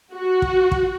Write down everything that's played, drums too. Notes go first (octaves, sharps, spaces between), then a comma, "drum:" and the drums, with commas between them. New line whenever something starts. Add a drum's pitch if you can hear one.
F#4
drum: kick
drum: kick